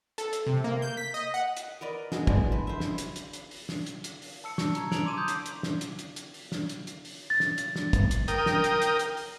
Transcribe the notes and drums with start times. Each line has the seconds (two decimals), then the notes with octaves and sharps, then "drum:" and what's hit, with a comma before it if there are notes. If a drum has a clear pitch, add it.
0.18 A4, drum: hi-hat
0.33 drum: hi-hat
0.47 C3
0.64 A#3
0.82 G6
0.97 B6
1.14 D#5
1.34 F#5
1.57 drum: hi-hat
1.81 A#4 B4 D5 D#5
2.12 D#4 F#4 G#4, drum: snare
2.27 E3 G#3 D4, drum: kick
2.52 B4
2.67 C5 E5
2.80 drum: snare
2.98 drum: hi-hat
3.16 drum: hi-hat
3.33 drum: hi-hat
3.51 drum: open hi-hat
3.69 drum: snare
3.87 drum: hi-hat
4.04 drum: hi-hat
4.22 drum: open hi-hat
4.44 A5 E6 C#7
4.58 C#6, drum: snare
4.75 A#5 G#6, drum: hi-hat
4.92 D7 F7 F#7, drum: snare
5.05 C6 D6 G#6 D#7 E7
5.17 D#6 G6
5.28 drum: hi-hat
5.46 drum: hi-hat
5.63 drum: snare
5.81 drum: hi-hat
5.99 drum: hi-hat
6.16 drum: hi-hat
6.34 drum: open hi-hat
6.52 drum: snare
6.69 drum: hi-hat
6.87 drum: hi-hat
7.05 drum: open hi-hat
7.30 A6
7.40 drum: snare
7.58 drum: hi-hat
7.76 drum: snare
7.93 drum: kick, hi-hat
8.11 drum: hi-hat
8.28 A#4 G5 D#6, drum: hi-hat
8.46 drum: snare
8.64 drum: hi-hat
8.82 drum: hi-hat
8.99 drum: hi-hat
9.17 drum: open hi-hat